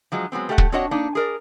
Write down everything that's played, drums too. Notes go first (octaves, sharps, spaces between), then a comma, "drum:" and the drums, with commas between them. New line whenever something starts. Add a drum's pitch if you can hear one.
F3 F#3 G#3
F#3 G#3 B3 C4
A3 G4 A4 E5 F#5
drum: kick
C4 D4 F#4 C#5 D#5 F#5
A#3 D4 D#4
G#4 A#4 D5